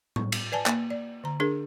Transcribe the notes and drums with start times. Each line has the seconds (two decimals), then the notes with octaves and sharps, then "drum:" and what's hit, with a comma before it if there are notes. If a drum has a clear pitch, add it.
0.16 C#6, drum: tom A2
0.32 drum: cymbal
0.52 B4 D5 G#5 A5
0.66 A#3, drum: clap
0.90 D5
1.24 D3 A#5
1.40 D4 G#4 A#4